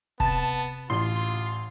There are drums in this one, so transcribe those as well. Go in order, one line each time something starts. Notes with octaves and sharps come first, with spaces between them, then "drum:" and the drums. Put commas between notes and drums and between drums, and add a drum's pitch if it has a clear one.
C3 B3 A5, drum: kick
A1 F4 C6